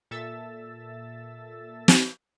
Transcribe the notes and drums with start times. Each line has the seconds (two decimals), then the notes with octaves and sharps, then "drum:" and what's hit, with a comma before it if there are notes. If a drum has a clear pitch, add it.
0.11 A#2 A4 E5 E6 A6
1.88 drum: snare